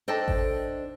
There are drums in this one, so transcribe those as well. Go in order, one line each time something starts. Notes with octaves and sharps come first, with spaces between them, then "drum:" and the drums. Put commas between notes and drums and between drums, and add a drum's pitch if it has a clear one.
D4 A4 C5 D#5 G5 A5
drum: kick G#1